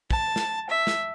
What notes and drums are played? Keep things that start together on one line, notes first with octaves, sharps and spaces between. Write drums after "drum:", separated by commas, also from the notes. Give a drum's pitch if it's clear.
A5, drum: kick
drum: snare
E5
drum: snare